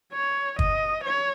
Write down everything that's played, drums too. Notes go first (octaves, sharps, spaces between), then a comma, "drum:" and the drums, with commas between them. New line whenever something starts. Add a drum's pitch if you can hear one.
C#5
D#5, drum: kick
C#5